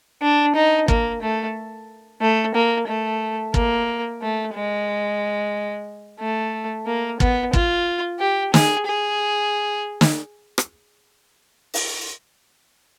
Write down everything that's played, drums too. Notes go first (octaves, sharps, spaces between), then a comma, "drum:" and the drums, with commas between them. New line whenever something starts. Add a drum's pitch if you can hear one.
D4
D#4
A#3, drum: kick
A3
A3
A#3
A3
A#3, drum: kick
A3
G#3
A3
A#3
B3, drum: kick
F4, drum: kick
G4
G#4, drum: snare
G#4
drum: snare
drum: rim click
drum: open hi-hat